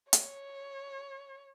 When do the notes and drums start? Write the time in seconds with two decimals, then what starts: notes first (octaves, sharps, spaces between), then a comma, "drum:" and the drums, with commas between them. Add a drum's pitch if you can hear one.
0.13 C#5, drum: hi-hat